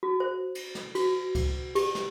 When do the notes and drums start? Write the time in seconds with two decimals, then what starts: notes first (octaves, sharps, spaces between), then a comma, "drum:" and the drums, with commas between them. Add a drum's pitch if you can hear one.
0.03 F#4
0.20 C5
0.55 drum: cymbal
0.75 drum: snare
0.95 F#4, drum: cymbal
1.35 drum: kick C#2, cymbal
1.75 G4, drum: cymbal
1.95 drum: snare